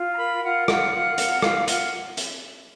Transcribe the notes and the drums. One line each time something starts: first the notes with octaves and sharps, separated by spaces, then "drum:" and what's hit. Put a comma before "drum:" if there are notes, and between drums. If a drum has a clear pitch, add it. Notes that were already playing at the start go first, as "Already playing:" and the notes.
Already playing: F4
A#5
A#4 B5
F4 F#5
F4 F#5, drum: rim click
F4
A#4, drum: hi-hat
F4 F5, drum: rim click
F4 F#5, drum: hi-hat
drum: hi-hat